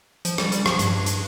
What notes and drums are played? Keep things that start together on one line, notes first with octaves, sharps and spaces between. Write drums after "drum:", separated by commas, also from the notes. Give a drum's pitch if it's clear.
F3, drum: hi-hat
G3, drum: rim click
G3, drum: hi-hat
F3, drum: rim click
G2, drum: hi-hat
drum: hi-hat